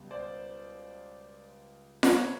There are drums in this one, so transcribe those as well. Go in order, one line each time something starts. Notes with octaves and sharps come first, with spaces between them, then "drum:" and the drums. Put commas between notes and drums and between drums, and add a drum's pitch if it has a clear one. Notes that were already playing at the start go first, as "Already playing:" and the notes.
Already playing: C#2 B2 G3
C5 D5
B4 C#5, drum: snare F4